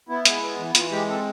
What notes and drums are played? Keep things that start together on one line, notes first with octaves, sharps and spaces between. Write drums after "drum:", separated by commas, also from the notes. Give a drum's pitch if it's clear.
B3 E4
G#3, drum: hi-hat
B3
E3
E3 F4, drum: hi-hat
G#3 G4
C4 A4